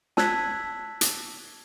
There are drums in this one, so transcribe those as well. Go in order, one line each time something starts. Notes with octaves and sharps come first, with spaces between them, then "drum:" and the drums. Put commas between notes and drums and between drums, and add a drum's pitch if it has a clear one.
A5 E6 F#6 G#6 B6, drum: snare
drum: hi-hat